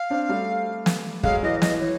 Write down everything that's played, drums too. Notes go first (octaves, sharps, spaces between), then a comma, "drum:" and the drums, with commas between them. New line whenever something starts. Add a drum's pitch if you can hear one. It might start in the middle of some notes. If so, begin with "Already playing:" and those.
Already playing: F5
C4 D4
G3 A3
drum: snare
F#3 G#3 F5, drum: kick
E3 F#3 D#5
E3 D#5, drum: snare
E3 C#5